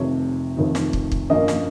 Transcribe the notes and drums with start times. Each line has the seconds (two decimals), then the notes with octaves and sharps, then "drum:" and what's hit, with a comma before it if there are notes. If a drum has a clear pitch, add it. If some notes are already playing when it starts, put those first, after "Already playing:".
Already playing: F1 F2 C3 D#3 C#5
0.57 F1 F2 C3 D#3
0.75 drum: snare
0.93 drum: kick
1.12 drum: kick
1.30 G2 F3 A#3 C#4 D#5
1.48 drum: snare